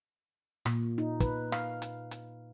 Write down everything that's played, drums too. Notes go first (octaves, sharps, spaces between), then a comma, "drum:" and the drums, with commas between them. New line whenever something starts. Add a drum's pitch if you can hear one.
A#2, drum: rim click
D#4
B4, drum: kick, hi-hat
F5, drum: rim click
drum: hi-hat
drum: hi-hat